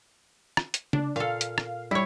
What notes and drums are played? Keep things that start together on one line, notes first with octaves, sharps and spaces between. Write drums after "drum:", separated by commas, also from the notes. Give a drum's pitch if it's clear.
drum: rim click
drum: hi-hat
D4, drum: tom C#3
A#2 A4 F5
drum: hi-hat
drum: rim click
G3 E4 C#5